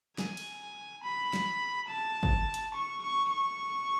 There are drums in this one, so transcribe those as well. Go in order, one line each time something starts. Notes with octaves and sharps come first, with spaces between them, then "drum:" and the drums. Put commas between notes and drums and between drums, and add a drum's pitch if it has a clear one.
G#5, drum: snare
drum: cymbal
B5
drum: snare
A5
drum: kick
drum: hi-hat
C#6
C#6
C#6